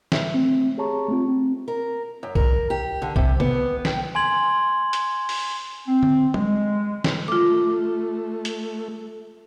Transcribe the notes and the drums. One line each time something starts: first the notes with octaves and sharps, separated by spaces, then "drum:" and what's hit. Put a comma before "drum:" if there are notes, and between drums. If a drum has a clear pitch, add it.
E5, drum: snare
A3 C4
G4 G#4 C#5 A5 A#5 C#6
A3 C4 F4
C4
A#4
F#2
A#4, drum: kick B1
G4
D3
C3, drum: kick B1
B3, drum: tom C3
G5, drum: snare
G#5 C6 G#6 F#7
drum: hi-hat
drum: open hi-hat
C4
drum: tom D3
G#3, drum: tom F#3
drum: snare
A3 F4 D6
drum: hi-hat